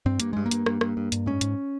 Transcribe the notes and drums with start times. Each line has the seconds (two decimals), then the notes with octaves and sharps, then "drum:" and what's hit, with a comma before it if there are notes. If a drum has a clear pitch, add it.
0.06 G2 C4
0.20 G2 A#3, drum: hi-hat
0.33 G2 G#3
0.46 A#3
0.51 G2, drum: hi-hat
0.66 G2, drum: rim click
0.81 G2, drum: rim click
0.97 G2
1.12 G2, drum: hi-hat
1.26 G#2 C#4
1.41 G#2, drum: hi-hat